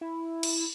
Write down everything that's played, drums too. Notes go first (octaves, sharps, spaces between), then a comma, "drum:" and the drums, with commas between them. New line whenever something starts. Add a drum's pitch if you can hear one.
E4
drum: cymbal